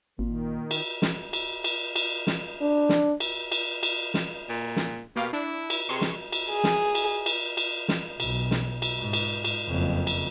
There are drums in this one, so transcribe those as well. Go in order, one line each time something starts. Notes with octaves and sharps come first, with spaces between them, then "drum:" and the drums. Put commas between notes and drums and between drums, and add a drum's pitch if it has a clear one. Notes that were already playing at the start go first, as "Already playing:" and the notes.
G#1 A#2 D#3
drum: cymbal
drum: snare
drum: cymbal
drum: cymbal
drum: cymbal
drum: snare
D4
drum: snare
drum: cymbal
drum: cymbal
drum: cymbal
drum: snare
A#2
drum: snare
B2 A#3 G4 F5
D4 E4
drum: cymbal
C3 G#4 C6 C#6
drum: snare
drum: cymbal
G#4
drum: snare
drum: cymbal
drum: cymbal
drum: cymbal
drum: snare
B1, drum: cymbal
drum: snare
drum: cymbal
G#2
drum: cymbal
drum: cymbal
F#1 F2
drum: cymbal